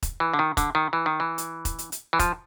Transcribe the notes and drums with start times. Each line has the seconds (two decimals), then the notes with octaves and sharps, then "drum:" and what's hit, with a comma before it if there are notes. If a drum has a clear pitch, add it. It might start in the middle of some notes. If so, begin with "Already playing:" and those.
0.03 drum: kick E1, hi-hat
0.20 E3
0.34 D3
0.39 D#3
0.57 D3, drum: kick E1, hi-hat
0.75 D#3
0.93 E3
1.06 D#3
1.20 E3
1.38 drum: hi-hat
1.65 drum: kick E1, hi-hat
1.79 drum: hi-hat
1.92 drum: hi-hat
2.13 E3
2.19 F3, drum: kick E1, hi-hat